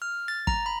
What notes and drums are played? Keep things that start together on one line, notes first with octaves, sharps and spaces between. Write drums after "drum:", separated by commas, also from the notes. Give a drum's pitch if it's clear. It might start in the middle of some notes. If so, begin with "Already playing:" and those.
F6
A6
A#5, drum: kick
B5